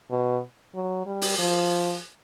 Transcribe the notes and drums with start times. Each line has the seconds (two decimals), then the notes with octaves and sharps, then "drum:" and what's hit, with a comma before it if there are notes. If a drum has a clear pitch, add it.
0.11 B2
0.75 F#3
1.06 G3
1.21 drum: open hi-hat
1.38 F3